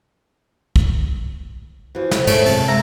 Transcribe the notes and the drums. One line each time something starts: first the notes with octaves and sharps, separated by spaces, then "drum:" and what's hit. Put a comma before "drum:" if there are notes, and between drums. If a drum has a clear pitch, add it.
drum: kick
E3 F3 F#4
C#3 C5, drum: snare
D#2 G#2 A3 G#4 C#5, drum: cymbal
F#2 C3 G#3 C4 A5, drum: open hi-hat
D2 G#3 E5 A#5 E6